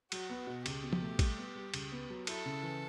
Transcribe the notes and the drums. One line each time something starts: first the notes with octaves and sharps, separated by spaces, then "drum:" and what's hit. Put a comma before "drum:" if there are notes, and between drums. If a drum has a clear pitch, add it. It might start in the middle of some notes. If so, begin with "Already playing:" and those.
F#3 F#4, drum: cymbal
B3
B2
C#2 G4, drum: cymbal
B2
drum: tom F3
A3
G3, drum: kick A1, cymbal
B3
G3
C#2, drum: cymbal
B3
F#3
E4 A4, drum: cymbal
C#3
E3